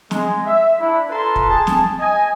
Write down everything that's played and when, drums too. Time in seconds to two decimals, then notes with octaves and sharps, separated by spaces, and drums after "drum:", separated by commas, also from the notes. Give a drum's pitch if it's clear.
0.11 G#3, drum: snare
0.45 E5
0.80 D4 E4
1.09 F4 A4 B4 A5 A#5 C6
1.36 drum: kick
1.50 G#4 A5
1.67 drum: snare
1.99 D#5 G#5